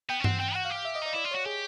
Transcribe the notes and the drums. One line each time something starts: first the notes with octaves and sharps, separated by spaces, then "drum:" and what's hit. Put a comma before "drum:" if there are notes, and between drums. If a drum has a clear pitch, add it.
B3 G5
C#4
C4 F#5, drum: tom G2
C4 G5
F#4 F#5
F5
G4
F5
E5
D#5
D#4 D5
E4 D5
F4
C#5
F#4
G4 G#4